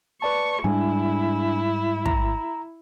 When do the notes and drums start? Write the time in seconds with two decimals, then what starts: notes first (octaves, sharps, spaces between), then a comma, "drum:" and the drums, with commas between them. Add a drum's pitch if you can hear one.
0.22 B4 D5 A5 C#6
0.64 G#2 G3 G#3 D4 E4 G#5
2.06 A#5, drum: kick